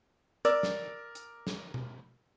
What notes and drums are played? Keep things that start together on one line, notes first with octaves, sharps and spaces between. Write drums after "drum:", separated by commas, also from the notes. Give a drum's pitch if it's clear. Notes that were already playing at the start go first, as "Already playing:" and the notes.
A#4 D5 D6 E6, drum: hi-hat
drum: snare
drum: hi-hat
drum: snare
drum: tom B2